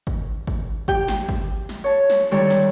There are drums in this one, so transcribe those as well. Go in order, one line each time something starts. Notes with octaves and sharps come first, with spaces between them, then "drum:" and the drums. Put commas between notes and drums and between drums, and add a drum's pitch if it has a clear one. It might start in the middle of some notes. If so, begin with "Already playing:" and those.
drum: kick G#1
drum: kick G#1
G4 G5, drum: kick G#1
drum: snare
drum: kick G#1
drum: snare
C#5 A5
drum: snare
D3 D#3 G3 E4 A4 C#5
drum: snare